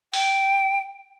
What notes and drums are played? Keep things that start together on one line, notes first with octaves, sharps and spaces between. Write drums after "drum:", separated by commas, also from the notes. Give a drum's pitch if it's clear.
G5, drum: open hi-hat